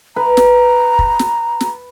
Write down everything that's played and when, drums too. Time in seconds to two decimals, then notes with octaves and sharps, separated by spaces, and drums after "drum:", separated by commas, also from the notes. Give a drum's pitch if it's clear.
0.16 B4 A#5
0.37 drum: snare
0.99 drum: kick
1.19 drum: snare
1.61 drum: snare